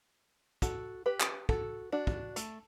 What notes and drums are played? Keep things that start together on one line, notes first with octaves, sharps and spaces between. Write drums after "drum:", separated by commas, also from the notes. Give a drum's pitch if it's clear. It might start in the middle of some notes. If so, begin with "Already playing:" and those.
F#4 A4, drum: kick, hi-hat
G4 B4
drum: clap
F#4 A4, drum: kick
D4 F#4
drum: kick
A3, drum: hi-hat